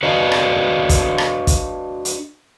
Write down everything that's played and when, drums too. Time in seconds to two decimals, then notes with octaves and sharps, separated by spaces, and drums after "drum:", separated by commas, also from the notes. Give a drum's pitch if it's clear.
0.03 D4 F#4 B4 D5 D#5 F5
0.32 drum: rim click
0.89 drum: kick, hi-hat
1.18 drum: rim click
1.47 drum: kick, hi-hat
2.05 drum: hi-hat